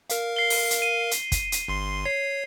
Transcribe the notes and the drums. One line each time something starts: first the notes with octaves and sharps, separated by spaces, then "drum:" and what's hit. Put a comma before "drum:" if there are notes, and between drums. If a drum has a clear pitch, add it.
A#4 F5, drum: hi-hat
C7 G7
drum: open hi-hat
drum: hi-hat
D#7
drum: hi-hat
drum: kick, hi-hat
drum: hi-hat
G1 C6 C7
C#5 C7